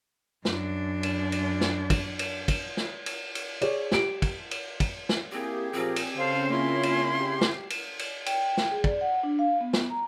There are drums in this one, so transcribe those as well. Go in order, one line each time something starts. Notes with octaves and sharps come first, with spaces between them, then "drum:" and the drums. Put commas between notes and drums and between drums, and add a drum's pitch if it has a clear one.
F#2 D4, drum: snare
drum: cymbal
drum: cymbal
drum: snare
drum: kick, cymbal
drum: cymbal
drum: kick, cymbal
drum: snare
drum: cymbal
drum: cymbal
G#4 C#5 D5, drum: cymbal
G4 D7, drum: snare
drum: kick, cymbal
drum: cymbal
drum: kick, cymbal
drum: snare
A#3 C4 E4 G4 G#4
A#2 F3 C4 A#4
drum: cymbal
C#3 A4 C5 F5
A#3 C#4 E4 F4 C6
drum: cymbal
G4 C7
drum: snare
drum: cymbal
drum: cymbal
G5, drum: cymbal
drum: snare
G#4
D5, drum: kick
F#5
D4
F5
B3
drum: snare
A#5